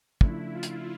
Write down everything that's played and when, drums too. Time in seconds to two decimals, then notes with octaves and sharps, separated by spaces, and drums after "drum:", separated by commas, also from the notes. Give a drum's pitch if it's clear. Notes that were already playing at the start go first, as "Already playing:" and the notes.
0.21 C#3 F3 A3 D4 E4, drum: kick
0.53 F4
0.63 drum: hi-hat